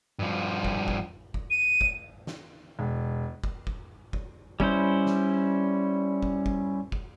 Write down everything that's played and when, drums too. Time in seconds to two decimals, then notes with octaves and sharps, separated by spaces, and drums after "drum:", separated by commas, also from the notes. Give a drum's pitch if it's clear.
0.19 G2 F3
0.65 drum: kick
0.88 drum: kick
1.34 drum: kick
1.50 D#7
1.81 drum: kick
2.27 drum: snare
2.79 E1
3.44 drum: kick
3.67 drum: kick
4.13 drum: kick
4.60 G3 C#4 E4 C5, drum: kick
5.06 drum: snare
6.23 drum: kick
6.46 drum: kick
6.92 drum: kick